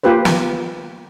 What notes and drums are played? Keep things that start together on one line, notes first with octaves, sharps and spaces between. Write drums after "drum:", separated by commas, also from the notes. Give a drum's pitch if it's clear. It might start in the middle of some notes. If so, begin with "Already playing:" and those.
A#3 F4 G4 B4 C5
drum: snare